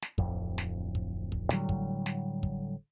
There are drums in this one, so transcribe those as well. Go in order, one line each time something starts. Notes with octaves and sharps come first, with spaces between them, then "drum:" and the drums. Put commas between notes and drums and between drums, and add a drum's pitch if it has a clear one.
drum: snare
D1 F2, drum: kick
drum: snare
drum: kick
drum: kick
A2 D3 F#3 G3, drum: snare
drum: kick
drum: snare
drum: kick